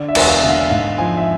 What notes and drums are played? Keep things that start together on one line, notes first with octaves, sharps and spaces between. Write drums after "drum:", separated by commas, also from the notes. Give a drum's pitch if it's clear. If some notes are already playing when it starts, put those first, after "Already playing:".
Already playing: D3 D5
E5
E1, drum: cymbal
G#5
F5
D3 E5
F5
G#2 F5
F3 G#5
E5